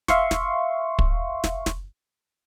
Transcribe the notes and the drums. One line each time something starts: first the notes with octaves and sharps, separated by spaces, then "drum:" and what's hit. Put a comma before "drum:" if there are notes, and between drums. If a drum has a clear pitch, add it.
E5 F5 C6 C#6, drum: snare
drum: snare
drum: kick
drum: snare
drum: snare